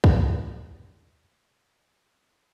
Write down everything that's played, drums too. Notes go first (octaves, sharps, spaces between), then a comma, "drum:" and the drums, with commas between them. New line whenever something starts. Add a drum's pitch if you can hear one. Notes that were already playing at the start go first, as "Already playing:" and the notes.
B2 C4, drum: kick